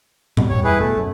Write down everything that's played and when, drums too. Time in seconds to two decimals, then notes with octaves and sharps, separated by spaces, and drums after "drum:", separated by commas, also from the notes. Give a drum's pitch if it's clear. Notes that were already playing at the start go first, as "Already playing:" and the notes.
0.37 B2 G3, drum: tom A2
0.49 F#1 E2 G3 C#5
0.64 E4 G#4 B4
0.78 B2 A3
0.98 F#2